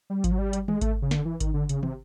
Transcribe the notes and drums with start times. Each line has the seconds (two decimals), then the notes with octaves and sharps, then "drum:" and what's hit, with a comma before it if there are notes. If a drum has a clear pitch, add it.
0.10 G3
0.24 F3, drum: kick G#1, hi-hat
0.32 F#3
0.39 G3
0.53 drum: hi-hat
0.68 G#3, drum: tom
0.81 A3, drum: kick G#1, hi-hat
1.02 C#3
1.11 D3, drum: snare
1.25 E3
1.40 D#3, drum: kick G#1, hi-hat
1.54 D3
1.69 C#3, drum: hi-hat
1.83 C3, drum: tom